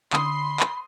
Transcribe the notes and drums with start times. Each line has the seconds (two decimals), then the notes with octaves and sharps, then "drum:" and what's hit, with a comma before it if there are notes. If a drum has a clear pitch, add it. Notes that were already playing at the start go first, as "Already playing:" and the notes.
0.13 D3 B5 C6 D#6, drum: clap
0.60 drum: clap